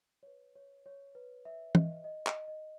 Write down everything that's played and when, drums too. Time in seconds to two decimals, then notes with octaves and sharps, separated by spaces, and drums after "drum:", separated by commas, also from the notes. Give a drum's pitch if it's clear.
0.23 C#5
0.27 B4
0.55 C#5
0.86 C#5
1.15 B4
1.45 E5
1.75 D#5, drum: tom
2.04 D#5
2.27 D#5, drum: clap
2.48 D#5